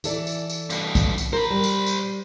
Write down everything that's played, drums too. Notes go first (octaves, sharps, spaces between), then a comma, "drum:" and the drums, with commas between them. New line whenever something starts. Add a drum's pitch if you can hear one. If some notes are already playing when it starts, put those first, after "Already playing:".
E3 A4 D5, drum: tambourine
drum: tambourine
drum: tambourine
G2 B2, drum: tambourine
drum: kick, tambourine
drum: tambourine
A#4 C5 B5
G3
drum: tambourine
drum: tambourine